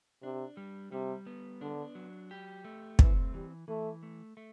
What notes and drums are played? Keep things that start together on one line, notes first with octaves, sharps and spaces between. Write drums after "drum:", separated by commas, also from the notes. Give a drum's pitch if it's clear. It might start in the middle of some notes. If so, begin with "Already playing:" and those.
C3 D4
G3
C3 G3
B3
D3 D4
F#3
G4
A3
E3 C4, drum: kick
E3 G3
E3 A3
A3
A3